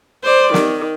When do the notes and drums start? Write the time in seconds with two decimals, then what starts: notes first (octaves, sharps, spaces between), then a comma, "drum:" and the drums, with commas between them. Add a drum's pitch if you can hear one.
0.24 C5 D5
0.54 D#3, drum: snare